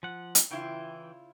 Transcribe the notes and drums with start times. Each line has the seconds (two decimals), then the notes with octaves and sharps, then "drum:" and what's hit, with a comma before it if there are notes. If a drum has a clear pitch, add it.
0.03 F3 F#5
0.35 drum: hi-hat
0.51 C#3 E3 E4 F4 G5